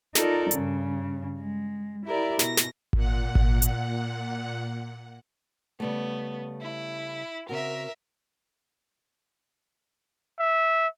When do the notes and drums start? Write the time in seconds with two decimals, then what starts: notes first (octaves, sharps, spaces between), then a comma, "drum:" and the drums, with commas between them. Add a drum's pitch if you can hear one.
0.15 D#4 F4 A4 A#4 D5, drum: snare
0.51 G2 C#3, drum: hi-hat
1.39 G#3
2.06 E4 G4 A#4 D5
2.39 B2 A#6, drum: snare
2.57 drum: snare
2.93 A#2 F#5, drum: kick G#1
3.35 drum: kick G#1
3.62 drum: hi-hat
5.80 C#3 G3 A3 B3
6.61 E4
7.49 C#3 C4 F#4 A#4 E5
10.39 E5